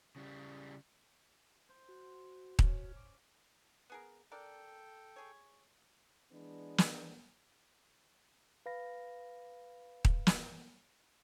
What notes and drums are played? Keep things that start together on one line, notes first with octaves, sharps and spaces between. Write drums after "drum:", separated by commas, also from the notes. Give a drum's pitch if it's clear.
C#3 G3
C5
F#4
C#4, drum: kick D#1
D5
B3 G#4 A#4
D4 A4 A#4 D5 G5
G#4 C#5
E3 G#3 B3 D4
drum: snare
B4 F5 B5 A#6
drum: kick D#1
drum: snare